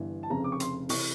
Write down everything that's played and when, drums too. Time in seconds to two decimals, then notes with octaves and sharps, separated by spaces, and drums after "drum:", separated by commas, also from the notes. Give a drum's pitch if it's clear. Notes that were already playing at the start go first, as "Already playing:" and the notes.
Already playing: G1 G2 E3
0.23 A5
0.30 F1 F2 C#3 A#5
0.44 D6
0.52 C#6
0.60 C6, drum: hi-hat
0.89 C3 E3 C#6, drum: open hi-hat